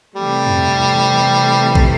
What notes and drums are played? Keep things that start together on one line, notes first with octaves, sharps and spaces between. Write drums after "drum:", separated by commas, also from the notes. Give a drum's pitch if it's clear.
C3 E3 G3 A3
drum: tom
drum: kick